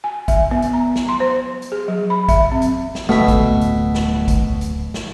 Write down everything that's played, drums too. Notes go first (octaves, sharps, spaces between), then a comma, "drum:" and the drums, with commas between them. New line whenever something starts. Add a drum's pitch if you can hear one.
G#5
E5, drum: kick, hi-hat
B3
drum: hi-hat
A#5
drum: snare
C6
C5
drum: hi-hat
G#4
F#3
B5
E5, drum: kick, hi-hat
C4
drum: hi-hat
drum: snare
D1 B2 A3 E5
drum: kick, hi-hat
drum: hi-hat
drum: snare
drum: kick, hi-hat
drum: hi-hat
drum: snare